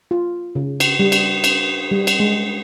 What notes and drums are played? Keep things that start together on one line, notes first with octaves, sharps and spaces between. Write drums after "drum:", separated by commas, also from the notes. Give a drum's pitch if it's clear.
F4
C#3
drum: cymbal
G3
drum: cymbal
drum: cymbal
G3
drum: cymbal
G#3